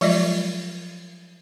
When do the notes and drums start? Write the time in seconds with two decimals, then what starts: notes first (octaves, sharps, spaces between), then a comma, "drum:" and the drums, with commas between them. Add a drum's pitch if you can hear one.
0.01 F3 F#3 G#3 F4 D5 D#5, drum: open hi-hat